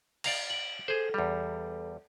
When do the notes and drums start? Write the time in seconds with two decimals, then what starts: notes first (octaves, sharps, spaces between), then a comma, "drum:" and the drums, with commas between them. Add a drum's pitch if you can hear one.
0.24 D5 F5 A#5, drum: cymbal
0.50 D7 F#7
0.88 G#4 A4 C5
1.14 E2 G3